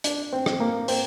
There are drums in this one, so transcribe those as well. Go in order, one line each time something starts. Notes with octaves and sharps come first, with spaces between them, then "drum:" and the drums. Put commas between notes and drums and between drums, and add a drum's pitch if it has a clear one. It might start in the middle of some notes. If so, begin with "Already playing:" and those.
D4, drum: hi-hat
C4
drum: rim click
A#3
C4, drum: open hi-hat